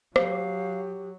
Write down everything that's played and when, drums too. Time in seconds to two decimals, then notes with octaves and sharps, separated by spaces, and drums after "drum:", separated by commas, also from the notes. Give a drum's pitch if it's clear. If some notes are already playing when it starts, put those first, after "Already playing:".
0.16 F#3 G4 F5, drum: rim click